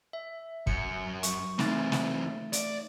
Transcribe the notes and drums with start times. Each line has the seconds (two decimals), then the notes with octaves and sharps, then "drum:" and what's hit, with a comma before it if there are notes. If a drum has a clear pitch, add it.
0.13 E5
0.67 F#2 C#7, drum: kick
1.23 C#6, drum: hi-hat
1.59 E3 A3 C4 D#4 A6, drum: snare
1.92 drum: snare
2.53 D5, drum: hi-hat